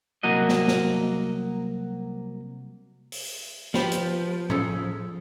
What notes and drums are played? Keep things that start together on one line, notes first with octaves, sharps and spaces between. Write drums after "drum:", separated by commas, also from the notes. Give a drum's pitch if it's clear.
C2 F#3 A#3 F#4 D#5
drum: snare
drum: snare
drum: open hi-hat
F3 G4 B4 C5, drum: snare
drum: hi-hat
C#4 G#4 A4, drum: tom A2